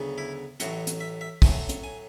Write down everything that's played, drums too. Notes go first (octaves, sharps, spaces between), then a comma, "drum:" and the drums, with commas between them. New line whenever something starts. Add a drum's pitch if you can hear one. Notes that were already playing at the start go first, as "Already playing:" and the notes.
Already playing: D2 C#3 F#3 B3
E4
A1 A2 F#3 A3 F#4, drum: hi-hat
drum: hi-hat
E5
E5
A2 F#3 A3 G#5, drum: kick, open hi-hat
drum: hi-hat
G#5